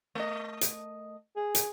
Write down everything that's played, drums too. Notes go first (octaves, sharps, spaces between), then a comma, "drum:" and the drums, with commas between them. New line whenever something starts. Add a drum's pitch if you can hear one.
A3 D#5
drum: hi-hat
G#4
drum: hi-hat